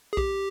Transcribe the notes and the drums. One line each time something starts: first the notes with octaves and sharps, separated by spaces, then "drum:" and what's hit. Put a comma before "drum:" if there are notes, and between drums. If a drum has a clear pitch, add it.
G#4
G4, drum: kick B1